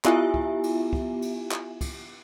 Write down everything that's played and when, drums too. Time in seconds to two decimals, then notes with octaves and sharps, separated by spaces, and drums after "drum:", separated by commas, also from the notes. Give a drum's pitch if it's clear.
0.05 B3 E4 F4 G4 E5 G#5, drum: clap
0.34 drum: kick
0.63 drum: cymbal
0.93 drum: kick
1.22 drum: cymbal
1.51 drum: clap
1.81 drum: kick, cymbal